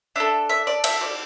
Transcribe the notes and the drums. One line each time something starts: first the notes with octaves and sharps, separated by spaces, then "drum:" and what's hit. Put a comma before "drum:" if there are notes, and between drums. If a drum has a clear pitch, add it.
D4 A4 E5
E5
D5
E5, drum: cymbal
D5